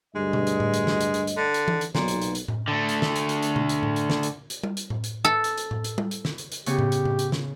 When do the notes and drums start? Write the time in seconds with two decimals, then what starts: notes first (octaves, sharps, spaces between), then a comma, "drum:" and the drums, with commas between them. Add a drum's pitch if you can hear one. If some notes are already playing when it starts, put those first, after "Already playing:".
0.15 D2 G2 G#3 D#5
0.33 drum: tom B2
0.47 drum: hi-hat
0.60 drum: tom A2
0.74 drum: hi-hat
0.87 drum: snare
1.01 drum: hi-hat
1.14 drum: hi-hat
1.27 drum: hi-hat
1.37 D3
1.54 drum: hi-hat
1.68 drum: tom E3
1.81 drum: hi-hat
1.95 B1 A#2, drum: snare
2.08 drum: hi-hat
2.22 drum: hi-hat
2.35 drum: hi-hat
2.48 drum: tom A2
2.68 D3 A3
2.89 drum: hi-hat
3.02 drum: snare
3.16 drum: hi-hat
3.29 drum: hi-hat
3.42 drum: hi-hat
3.56 drum: tom B2
3.69 drum: hi-hat
3.83 drum: tom A2
3.96 drum: hi-hat
4.10 drum: snare
4.23 drum: hi-hat
4.50 drum: hi-hat
4.63 drum: tom G3
4.77 drum: hi-hat
4.90 drum: tom A2
5.04 drum: hi-hat
5.25 A4
5.44 drum: hi-hat
5.58 drum: hi-hat
5.71 drum: tom A2
5.84 drum: hi-hat
5.98 drum: tom G3
6.11 drum: hi-hat
6.25 drum: snare
6.38 drum: hi-hat
6.52 drum: hi-hat
6.66 C#3 B3 G4 C#5, drum: hi-hat
6.79 drum: tom A2
6.92 drum: hi-hat
7.05 drum: tom A2
7.19 drum: hi-hat
7.32 drum: snare